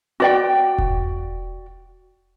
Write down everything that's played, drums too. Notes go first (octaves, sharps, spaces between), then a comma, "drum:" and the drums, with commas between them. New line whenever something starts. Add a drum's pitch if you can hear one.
F#4 D5 G5
drum: kick E1